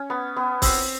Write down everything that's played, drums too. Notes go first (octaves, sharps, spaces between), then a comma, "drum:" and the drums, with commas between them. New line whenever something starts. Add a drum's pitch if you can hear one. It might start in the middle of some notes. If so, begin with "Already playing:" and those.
Already playing: C#4
B3
B3
C4, drum: kick, open hi-hat